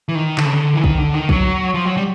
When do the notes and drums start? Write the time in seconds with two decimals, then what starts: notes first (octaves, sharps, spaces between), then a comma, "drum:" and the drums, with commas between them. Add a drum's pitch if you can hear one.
0.09 E3
0.15 D#3
0.38 D3, drum: clap
0.45 C#3
0.53 D3
0.74 E3
0.84 D#3, drum: kick
0.98 D3
1.14 D#3
1.29 F#3, drum: kick
1.74 F3
1.85 F#3
1.97 G3